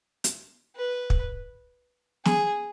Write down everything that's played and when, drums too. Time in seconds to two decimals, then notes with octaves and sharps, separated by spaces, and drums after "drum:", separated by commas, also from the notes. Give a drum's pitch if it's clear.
0.24 drum: hi-hat
0.76 B4
1.10 drum: kick
2.25 G#4, drum: snare